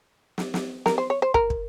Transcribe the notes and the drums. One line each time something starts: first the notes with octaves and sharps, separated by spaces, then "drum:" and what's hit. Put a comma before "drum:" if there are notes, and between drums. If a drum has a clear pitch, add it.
drum: snare
drum: snare
A#4, drum: snare
C5
C#5
C5
A#4, drum: kick
drum: kick